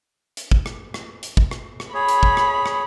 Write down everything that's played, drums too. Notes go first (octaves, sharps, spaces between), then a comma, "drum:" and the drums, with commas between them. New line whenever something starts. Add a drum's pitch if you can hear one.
drum: hi-hat
drum: kick
drum: rim click
drum: rim click
drum: hi-hat
drum: kick
drum: rim click
drum: rim click
G#4 C#5 B5
drum: hi-hat
drum: kick
drum: rim click
drum: rim click